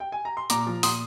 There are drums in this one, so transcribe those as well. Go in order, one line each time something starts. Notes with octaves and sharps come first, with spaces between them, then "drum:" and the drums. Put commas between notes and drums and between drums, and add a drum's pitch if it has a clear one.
G5
G#5
A#5
C6
A#2 A#5 D6, drum: hi-hat
F3
A#2 C6 D#6, drum: open hi-hat